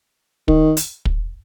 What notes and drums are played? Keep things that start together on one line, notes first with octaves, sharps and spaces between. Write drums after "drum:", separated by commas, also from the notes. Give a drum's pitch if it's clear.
D#3, drum: kick
drum: hi-hat
drum: kick